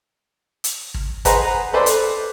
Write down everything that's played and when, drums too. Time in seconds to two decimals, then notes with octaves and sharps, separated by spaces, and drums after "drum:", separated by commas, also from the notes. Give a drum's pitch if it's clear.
0.64 drum: hi-hat
0.94 drum: kick
1.25 G#4 B4 C5 D#5 F#5 A#5, drum: kick, hi-hat
1.73 A4 B4 C5 D5
1.86 drum: hi-hat